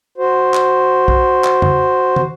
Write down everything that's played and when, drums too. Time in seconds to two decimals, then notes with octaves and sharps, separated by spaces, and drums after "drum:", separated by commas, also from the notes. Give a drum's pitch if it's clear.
0.18 F#4 C5
0.54 drum: clap
1.08 drum: kick
1.44 drum: clap
1.62 drum: tom
2.16 drum: tom